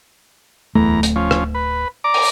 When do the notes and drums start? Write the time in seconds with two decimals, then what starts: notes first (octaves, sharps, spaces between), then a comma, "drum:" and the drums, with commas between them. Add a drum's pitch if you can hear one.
0.75 D1 E2 A3 A#5
1.03 drum: hi-hat
1.16 F3 C#4
1.31 drum: rim click
1.55 B4
2.04 D5 A#5 D6
2.14 drum: open hi-hat